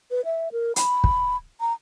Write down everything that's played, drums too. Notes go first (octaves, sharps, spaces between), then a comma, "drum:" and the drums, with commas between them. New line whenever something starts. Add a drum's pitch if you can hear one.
B4
E5
A#4
B5, drum: hi-hat
drum: kick
A#5